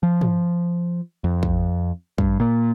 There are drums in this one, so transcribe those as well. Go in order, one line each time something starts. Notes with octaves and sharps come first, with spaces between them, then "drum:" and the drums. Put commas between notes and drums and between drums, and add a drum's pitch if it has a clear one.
F3
drum: tom
F2
drum: kick
G2, drum: kick
A#2